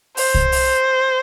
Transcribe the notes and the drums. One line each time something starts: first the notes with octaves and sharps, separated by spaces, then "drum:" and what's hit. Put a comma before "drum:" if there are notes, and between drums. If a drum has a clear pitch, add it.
C5, drum: open hi-hat
drum: kick C2
drum: open hi-hat